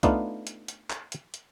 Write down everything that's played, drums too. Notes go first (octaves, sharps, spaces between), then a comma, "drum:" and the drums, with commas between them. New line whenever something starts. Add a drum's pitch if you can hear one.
A3 B3 D4 D#4 F4 F5, drum: kick C2, hi-hat
drum: hi-hat
drum: hi-hat
drum: clap
drum: hi-hat
drum: hi-hat